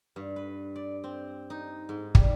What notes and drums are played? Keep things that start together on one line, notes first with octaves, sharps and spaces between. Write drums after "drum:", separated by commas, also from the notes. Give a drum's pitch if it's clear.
G2
B4
D5
C4
D#4
G#2
G3, drum: kick